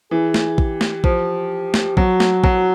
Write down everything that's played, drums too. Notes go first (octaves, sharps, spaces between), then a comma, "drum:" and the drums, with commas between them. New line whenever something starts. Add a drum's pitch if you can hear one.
E3 G#4
drum: snare
G4, drum: kick A1
drum: snare
F3, drum: kick A1
drum: snare
F#3 F#4, drum: kick A1
drum: snare
F#3, drum: kick A1